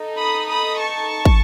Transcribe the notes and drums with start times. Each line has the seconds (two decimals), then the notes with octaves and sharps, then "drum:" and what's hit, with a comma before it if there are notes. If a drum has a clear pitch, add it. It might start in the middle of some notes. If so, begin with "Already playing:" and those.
Already playing: D#4 A4
0.18 B5 D#6
0.48 B5 D#6
0.79 A5 C#6
1.25 drum: kick